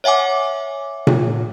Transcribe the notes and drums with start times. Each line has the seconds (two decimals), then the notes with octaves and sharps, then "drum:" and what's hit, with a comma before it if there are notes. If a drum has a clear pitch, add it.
0.04 C#5 E5 F#5 G#5 D6
1.07 drum: tom A#2